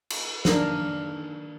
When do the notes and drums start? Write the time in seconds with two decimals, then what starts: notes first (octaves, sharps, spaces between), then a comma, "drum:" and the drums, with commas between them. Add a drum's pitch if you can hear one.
0.10 drum: cymbal
0.45 D#3 D4 A#4, drum: snare